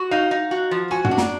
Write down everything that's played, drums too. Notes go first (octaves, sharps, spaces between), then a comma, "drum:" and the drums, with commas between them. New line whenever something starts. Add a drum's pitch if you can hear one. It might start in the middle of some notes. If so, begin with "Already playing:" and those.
Already playing: F#4
D#4 F5
D#4
F#4
F3
F#4 G#5
F#5, drum: tom
D4
A#5, drum: snare